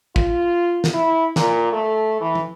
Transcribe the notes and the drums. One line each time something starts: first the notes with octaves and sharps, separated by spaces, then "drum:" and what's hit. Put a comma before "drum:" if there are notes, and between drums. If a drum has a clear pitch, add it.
F4, drum: kick
drum: snare
E4
A#2, drum: snare
A3
E3
drum: tom